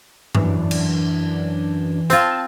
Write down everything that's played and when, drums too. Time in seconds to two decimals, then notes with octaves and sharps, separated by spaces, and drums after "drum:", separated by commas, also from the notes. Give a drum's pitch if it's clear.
0.35 F#2 E3 D4, drum: tom G2
0.71 drum: cymbal
2.10 C4 F4 A5, drum: hi-hat